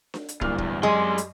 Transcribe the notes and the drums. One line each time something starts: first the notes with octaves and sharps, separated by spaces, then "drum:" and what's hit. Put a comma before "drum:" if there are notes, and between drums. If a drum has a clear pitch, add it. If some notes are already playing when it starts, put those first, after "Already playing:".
drum: snare D4
drum: hi-hat
D1 G2 A#2 F6, drum: kick
E2, drum: kick
F#2 G3 G#3 C6
drum: hi-hat